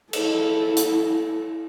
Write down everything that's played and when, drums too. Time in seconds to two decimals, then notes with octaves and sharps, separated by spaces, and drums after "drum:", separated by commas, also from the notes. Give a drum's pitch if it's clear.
0.13 E4 A4, drum: cymbal
0.77 drum: hi-hat